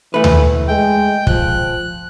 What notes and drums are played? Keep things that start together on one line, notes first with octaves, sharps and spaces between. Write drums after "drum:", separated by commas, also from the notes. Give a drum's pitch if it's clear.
E3 A3 B4
drum: tom D2
G#3 G5
F3 F#6, drum: kick